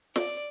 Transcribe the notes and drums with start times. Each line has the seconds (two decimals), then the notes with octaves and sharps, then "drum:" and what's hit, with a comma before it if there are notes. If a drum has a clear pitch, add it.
0.16 D5, drum: snare